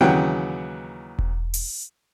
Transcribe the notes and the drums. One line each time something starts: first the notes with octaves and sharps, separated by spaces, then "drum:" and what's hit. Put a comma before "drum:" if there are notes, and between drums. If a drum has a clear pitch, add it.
D#2 C#3 E3 F#3 F#5 G5
drum: kick E1
drum: open hi-hat